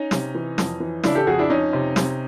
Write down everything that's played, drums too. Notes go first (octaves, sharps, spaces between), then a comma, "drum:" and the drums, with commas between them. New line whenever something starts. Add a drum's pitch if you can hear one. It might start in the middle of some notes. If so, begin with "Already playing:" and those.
Already playing: C#4 D#4
C3, drum: snare
E3
F2, drum: snare
E3
C#3 D4 E4, drum: snare
G4 A4
F2 F#4 G#4
D4 E4
F2 C#4 D#4
C3
C3, drum: snare